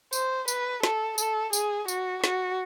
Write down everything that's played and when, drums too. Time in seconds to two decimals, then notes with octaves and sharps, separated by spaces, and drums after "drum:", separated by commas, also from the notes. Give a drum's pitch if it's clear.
0.13 C5, drum: tambourine
0.48 B4, drum: tambourine
0.83 A4, drum: snare
1.18 A4, drum: tambourine
1.53 G#4, drum: tambourine
1.88 F#4, drum: tambourine
2.24 F#4, drum: snare